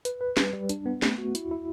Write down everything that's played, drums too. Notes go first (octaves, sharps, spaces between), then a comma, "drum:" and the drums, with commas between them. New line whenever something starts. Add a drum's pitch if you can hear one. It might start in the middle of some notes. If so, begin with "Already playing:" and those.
B4, drum: hi-hat
B4
G3, drum: snare
G3
D4, drum: hi-hat
B3
A3, drum: snare
F#4
E4, drum: hi-hat
E4